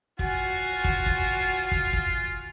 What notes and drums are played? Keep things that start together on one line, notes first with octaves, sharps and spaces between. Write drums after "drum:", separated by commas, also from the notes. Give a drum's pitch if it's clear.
F4 F#4 G#5, drum: kick
drum: kick
drum: kick
drum: kick
drum: kick